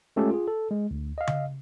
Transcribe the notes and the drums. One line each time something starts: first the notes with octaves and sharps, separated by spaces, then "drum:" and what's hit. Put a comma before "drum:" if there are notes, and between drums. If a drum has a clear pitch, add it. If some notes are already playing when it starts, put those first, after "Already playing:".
G#3 A3 C#4 F4 G4 A4
F4 G#4
A4
G#3
D2
D#5 F5
drum: tom C#3